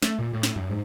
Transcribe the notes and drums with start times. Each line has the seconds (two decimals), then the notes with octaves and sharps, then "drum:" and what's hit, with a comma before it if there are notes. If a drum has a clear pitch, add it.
0.02 A3, drum: snare
0.19 A#2
0.33 A2
0.43 drum: snare
0.56 F#2
0.70 G#2